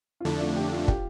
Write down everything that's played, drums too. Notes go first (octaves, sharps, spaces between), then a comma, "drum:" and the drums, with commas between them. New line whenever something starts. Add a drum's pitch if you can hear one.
F4
F2 D3 A3 D4 E4
F4
G4
F4
G4, drum: kick